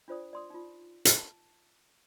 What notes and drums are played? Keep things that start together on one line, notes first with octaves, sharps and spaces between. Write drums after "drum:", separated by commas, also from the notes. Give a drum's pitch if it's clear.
D4 F4 C5 D5 D#6
D5 C6 D#6
D#4 F4
drum: hi-hat
A5